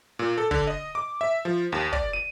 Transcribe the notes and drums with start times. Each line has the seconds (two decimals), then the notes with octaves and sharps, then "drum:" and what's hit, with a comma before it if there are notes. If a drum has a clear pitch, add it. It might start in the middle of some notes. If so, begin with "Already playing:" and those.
0.19 A#2
0.38 A4
0.51 D3, drum: kick
0.67 D#5
0.95 D6
1.21 E5
1.45 F3
1.72 D#2
1.93 D5, drum: kick
2.13 D#7